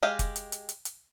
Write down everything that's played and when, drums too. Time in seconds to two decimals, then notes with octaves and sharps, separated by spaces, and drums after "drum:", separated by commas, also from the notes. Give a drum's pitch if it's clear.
0.03 G#3 G4 D#5 F5 G#5
0.19 drum: kick F1, hi-hat
0.36 drum: hi-hat
0.52 drum: hi-hat
0.69 drum: hi-hat
0.85 drum: hi-hat